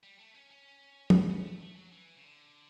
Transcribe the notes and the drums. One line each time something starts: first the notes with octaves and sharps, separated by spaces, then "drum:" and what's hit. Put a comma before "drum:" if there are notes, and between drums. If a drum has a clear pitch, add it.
G3
A3
C#4
C#4
drum: tom
C#4
A3
A3
F#3
E3
C#3
D3